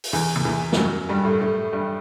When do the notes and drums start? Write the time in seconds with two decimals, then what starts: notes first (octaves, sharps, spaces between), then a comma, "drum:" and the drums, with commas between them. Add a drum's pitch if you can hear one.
0.04 drum: open hi-hat
0.13 E2 E3
0.35 drum: tom C3
0.45 E2 E3
0.72 G3, drum: snare
0.77 F#2 F#3
1.09 G2 G3
1.25 A2 A3
1.41 A2 A3
1.73 G2 G3